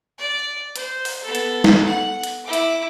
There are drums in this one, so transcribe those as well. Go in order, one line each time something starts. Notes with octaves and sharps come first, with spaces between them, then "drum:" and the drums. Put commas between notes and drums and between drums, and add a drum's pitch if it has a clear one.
D5
C5, drum: hi-hat
drum: open hi-hat
B3 A4
drum: hi-hat
drum: snare
F#5
drum: hi-hat
E4 D6
drum: hi-hat